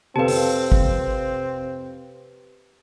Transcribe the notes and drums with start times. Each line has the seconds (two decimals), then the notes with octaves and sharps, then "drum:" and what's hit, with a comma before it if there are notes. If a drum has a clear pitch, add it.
0.16 F1 F2 C4 G4 A4 B4 F5 A5
0.28 drum: open hi-hat
0.72 drum: kick